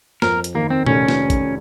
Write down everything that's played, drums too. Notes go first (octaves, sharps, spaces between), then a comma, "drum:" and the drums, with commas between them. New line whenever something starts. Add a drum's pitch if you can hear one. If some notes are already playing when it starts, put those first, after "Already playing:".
F2 A#4, drum: snare
drum: hi-hat
D#3 A#3
C4
F1 C#4, drum: tom A#2
drum: snare
drum: kick, hi-hat